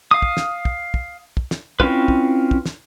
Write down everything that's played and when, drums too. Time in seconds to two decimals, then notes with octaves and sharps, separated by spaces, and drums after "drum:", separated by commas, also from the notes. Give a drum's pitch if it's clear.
0.11 F5 D#6
0.22 drum: kick
0.37 drum: snare
0.65 drum: kick
0.94 drum: kick
1.37 drum: kick
1.51 drum: snare
1.80 C4 C#4 E4 F4 B4, drum: kick
2.08 drum: kick
2.51 drum: kick
2.66 drum: snare